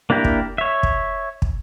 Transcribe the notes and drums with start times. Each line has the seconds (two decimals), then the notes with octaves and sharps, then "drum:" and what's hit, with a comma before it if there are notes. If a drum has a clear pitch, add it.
0.10 A#3 D4 E4 G4 A#4
0.24 drum: kick
0.58 C#5 E5
0.83 drum: kick
1.42 drum: kick